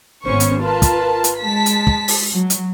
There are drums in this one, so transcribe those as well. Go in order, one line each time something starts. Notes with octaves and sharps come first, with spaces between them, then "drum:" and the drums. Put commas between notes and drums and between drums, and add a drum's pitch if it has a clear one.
G#1 B3 C#4 C5 C#6
drum: hi-hat
F4 A#4 B4 A5
drum: kick, hi-hat
drum: hi-hat
G#3 A5 B6
drum: hi-hat
drum: kick
drum: open hi-hat
F#3
drum: hi-hat